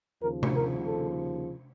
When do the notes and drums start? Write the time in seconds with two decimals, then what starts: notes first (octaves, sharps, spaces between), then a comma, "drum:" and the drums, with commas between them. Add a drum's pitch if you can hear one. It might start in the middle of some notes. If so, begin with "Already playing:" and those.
0.21 D#2 C#3 F3 A#4
0.43 drum: tom C3
0.54 A#4
0.87 A4